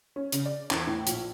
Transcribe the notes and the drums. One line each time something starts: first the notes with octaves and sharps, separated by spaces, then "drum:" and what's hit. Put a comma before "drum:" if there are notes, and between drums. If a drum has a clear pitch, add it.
C#4
C#3, drum: hi-hat
D5
E2, drum: clap
A2
A#1, drum: hi-hat